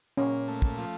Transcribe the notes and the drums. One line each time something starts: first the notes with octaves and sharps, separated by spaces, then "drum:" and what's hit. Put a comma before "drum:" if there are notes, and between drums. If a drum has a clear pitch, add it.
A#2 C#4
A3
drum: kick
F3